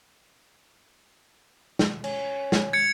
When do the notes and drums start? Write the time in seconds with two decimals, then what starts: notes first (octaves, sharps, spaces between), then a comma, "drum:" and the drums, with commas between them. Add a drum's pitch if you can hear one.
1.79 drum: snare
2.04 C#4, drum: cymbal
2.52 drum: snare
2.73 G#6 C#7